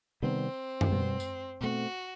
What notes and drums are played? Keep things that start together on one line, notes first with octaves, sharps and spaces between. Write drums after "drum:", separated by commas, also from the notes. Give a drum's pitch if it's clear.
C3 D#3 G3 B3 C4
drum: tom F#2
B2 G3 B3
drum: tambourine
B2 A3 C4 F#4